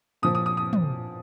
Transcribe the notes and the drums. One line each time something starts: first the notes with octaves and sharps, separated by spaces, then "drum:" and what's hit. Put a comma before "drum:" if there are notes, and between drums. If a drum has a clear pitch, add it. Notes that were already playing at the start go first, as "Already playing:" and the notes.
A#2 F3 D#6
D#6
D#6
D#6
drum: tom